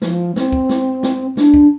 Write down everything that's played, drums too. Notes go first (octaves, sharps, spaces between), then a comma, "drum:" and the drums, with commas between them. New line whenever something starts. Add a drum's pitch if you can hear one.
F3, drum: snare
C4, drum: snare
drum: kick
drum: snare
drum: snare
D4, drum: snare
drum: kick